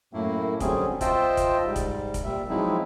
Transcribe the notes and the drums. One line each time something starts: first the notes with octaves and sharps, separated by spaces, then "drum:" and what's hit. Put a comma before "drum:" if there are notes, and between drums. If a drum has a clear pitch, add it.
F#2 A2 A3 A#3 E4
D3 F#3 G3 C4 C#4 G#4, drum: kick, hi-hat
F4 C5 D#5 E5 G5 A5, drum: kick, hi-hat
drum: kick, hi-hat
G#2 G3
drum: kick, hi-hat
drum: kick, hi-hat
A#2 G3 E5
F3 F#3 G#3 C4 D#4 E4